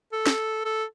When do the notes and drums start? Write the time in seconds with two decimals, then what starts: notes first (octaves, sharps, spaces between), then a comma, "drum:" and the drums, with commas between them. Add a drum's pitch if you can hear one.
0.13 A4
0.26 drum: snare
0.65 A4